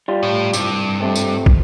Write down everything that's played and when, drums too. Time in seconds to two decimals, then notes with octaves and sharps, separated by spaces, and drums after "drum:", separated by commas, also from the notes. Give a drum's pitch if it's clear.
0.08 G3 F4
0.23 A2
0.53 C2 G2, drum: tambourine
1.00 C3 A3 C4
1.16 drum: tambourine
1.46 drum: kick